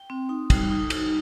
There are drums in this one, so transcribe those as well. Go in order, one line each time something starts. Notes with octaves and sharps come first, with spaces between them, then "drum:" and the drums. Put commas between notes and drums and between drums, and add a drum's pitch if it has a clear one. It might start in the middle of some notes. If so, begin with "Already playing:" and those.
Already playing: G5
C4
D#4
G3, drum: kick, cymbal
D#4
D#4, drum: cymbal